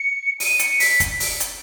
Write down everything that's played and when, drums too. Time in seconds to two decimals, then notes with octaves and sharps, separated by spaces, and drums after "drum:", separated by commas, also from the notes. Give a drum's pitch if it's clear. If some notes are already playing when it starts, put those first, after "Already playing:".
Already playing: C#7
0.40 D#7, drum: open hi-hat
0.59 C#7, drum: hi-hat
0.80 B6, drum: open hi-hat
1.00 drum: kick, hi-hat
1.20 drum: open hi-hat
1.40 drum: hi-hat